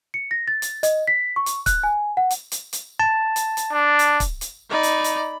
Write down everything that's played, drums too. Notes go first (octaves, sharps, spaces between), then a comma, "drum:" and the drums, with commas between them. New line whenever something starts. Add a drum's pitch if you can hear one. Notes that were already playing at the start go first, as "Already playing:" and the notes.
C#7
A#6
A6
drum: hi-hat
D#5, drum: hi-hat
B6
C#6
drum: hi-hat
F#6, drum: kick, hi-hat
G#5
F#5
drum: hi-hat
drum: hi-hat
drum: hi-hat
A5
drum: hi-hat
drum: hi-hat
D4
drum: hi-hat
drum: kick, hi-hat
drum: hi-hat
D#4 D5 B5
drum: hi-hat
drum: hi-hat